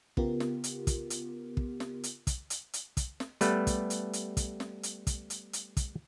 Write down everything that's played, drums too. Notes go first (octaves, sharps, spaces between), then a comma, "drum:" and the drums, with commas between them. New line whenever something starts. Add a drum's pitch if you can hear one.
C#3 B3 F4 G4 A#4, drum: kick
drum: snare
drum: hi-hat
drum: kick, hi-hat
drum: hi-hat
drum: kick
drum: snare
drum: hi-hat
drum: kick, hi-hat
drum: hi-hat
drum: hi-hat
drum: kick, hi-hat
drum: snare
G3 A3 B3 B4, drum: hi-hat
drum: kick, hi-hat
drum: hi-hat
drum: hi-hat
drum: kick, hi-hat
drum: snare
drum: hi-hat
drum: kick, hi-hat
drum: hi-hat
drum: hi-hat
drum: kick, hi-hat